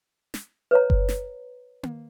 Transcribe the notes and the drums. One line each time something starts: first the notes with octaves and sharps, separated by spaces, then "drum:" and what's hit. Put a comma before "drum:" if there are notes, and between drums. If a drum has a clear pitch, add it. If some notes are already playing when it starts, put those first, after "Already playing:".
drum: snare
B4 C#5 A#5
drum: kick F#1
drum: snare
drum: tom A#3